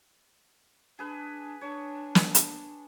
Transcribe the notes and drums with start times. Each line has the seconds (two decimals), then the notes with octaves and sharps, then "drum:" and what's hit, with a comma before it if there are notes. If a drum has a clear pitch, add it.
0.99 D4 G#4 B4
1.61 D4 C#5
2.15 drum: snare
2.35 drum: hi-hat